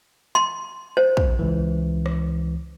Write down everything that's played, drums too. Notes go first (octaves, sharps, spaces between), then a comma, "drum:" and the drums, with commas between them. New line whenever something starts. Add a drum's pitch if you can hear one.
C6
C5
drum: kick
C#2 E3
drum: rim click